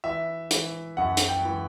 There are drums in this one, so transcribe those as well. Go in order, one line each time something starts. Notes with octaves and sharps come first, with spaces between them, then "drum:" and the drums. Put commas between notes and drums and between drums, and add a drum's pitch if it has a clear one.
E3 E5
E3, drum: hi-hat
F#2 F#5
drum: hi-hat
G5
E3